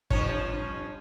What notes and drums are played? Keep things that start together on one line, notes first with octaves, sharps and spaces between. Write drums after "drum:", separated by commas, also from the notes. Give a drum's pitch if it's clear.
G2 F3 C#4 C#5, drum: kick